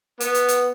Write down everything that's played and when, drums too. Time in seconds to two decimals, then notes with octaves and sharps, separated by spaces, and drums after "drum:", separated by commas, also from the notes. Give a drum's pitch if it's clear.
0.20 B3, drum: hi-hat
0.34 drum: hi-hat
0.49 drum: hi-hat